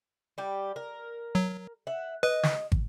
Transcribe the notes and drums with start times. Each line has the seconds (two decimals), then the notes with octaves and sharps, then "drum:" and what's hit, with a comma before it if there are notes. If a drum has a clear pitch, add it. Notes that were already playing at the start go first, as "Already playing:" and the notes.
0.38 G3 G4
0.76 A#4
1.35 F#3
1.87 E5 F#5
2.23 B4 D#5
2.43 drum: snare
2.72 drum: kick